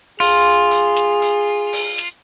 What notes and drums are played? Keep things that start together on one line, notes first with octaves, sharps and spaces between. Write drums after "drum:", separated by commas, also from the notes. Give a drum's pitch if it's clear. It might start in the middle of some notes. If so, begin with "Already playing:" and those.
F4 G#4, drum: open hi-hat
drum: hi-hat
drum: snare
drum: hi-hat
drum: open hi-hat
drum: snare